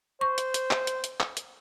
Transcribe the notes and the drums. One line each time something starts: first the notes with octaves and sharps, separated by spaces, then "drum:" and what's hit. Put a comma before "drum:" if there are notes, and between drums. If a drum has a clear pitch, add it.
C5 C#6
drum: hi-hat
drum: hi-hat
drum: clap
drum: hi-hat
drum: hi-hat
drum: clap
drum: hi-hat